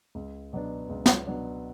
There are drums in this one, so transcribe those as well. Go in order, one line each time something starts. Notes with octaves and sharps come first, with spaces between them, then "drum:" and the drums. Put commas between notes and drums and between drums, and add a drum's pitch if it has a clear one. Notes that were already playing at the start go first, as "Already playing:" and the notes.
C#2
B2 F#3 B3 D4
C#2
drum: snare
B2 F#3 B3 D4